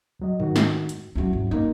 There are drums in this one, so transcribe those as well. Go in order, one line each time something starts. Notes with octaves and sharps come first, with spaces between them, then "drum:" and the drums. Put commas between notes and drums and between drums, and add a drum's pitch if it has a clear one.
D2 F#3 D#5
D#3 F#4, drum: tom G#2
drum: snare
drum: hi-hat
D2 F#3 C#4 E4 F#4
G#2
F#2 A#3 D#4